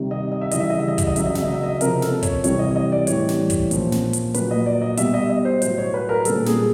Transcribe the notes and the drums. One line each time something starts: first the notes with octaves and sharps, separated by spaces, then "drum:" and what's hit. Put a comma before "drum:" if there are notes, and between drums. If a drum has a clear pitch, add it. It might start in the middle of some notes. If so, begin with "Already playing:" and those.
Already playing: C3 D#3 G3
D#5
D#5
E5
C#3 E3 G3 D#5, drum: hi-hat
E5
D#5
E5
D#5
E5, drum: kick, hi-hat
D#5
C#3 F#3 E5, drum: hi-hat
D#5
E5, drum: snare
D#5
E5
D#5
C3 F3 A#4, drum: hi-hat
A4, drum: snare
C#5, drum: kick, hi-hat
C3 E3 G3 C#5, drum: hi-hat
D#5
D#5
D5
A2 E3 G3 C#5, drum: hi-hat
drum: snare
drum: kick, hi-hat
A#2 F3, drum: hi-hat
drum: snare
drum: hi-hat
A#2 F#3 B4, drum: hi-hat
D#5
D5
D#5
B2 G3 E5, drum: hi-hat
D#5
D#5
C5
A2 F#3 C5, drum: hi-hat
C#5
B4
A#4
A#2 G3 A4, drum: hi-hat
G#4, drum: snare